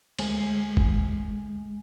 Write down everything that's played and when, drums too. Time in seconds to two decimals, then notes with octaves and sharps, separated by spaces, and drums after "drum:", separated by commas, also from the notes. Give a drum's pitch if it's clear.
0.19 D2 G#3 A3 G#5, drum: cymbal
0.77 drum: kick G1